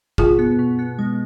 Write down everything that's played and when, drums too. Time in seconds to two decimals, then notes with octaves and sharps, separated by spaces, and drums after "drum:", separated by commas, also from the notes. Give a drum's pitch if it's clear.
0.18 B2 F4 G#4, drum: kick G#1
0.39 B3
0.59 B2
0.79 B3
0.99 G#3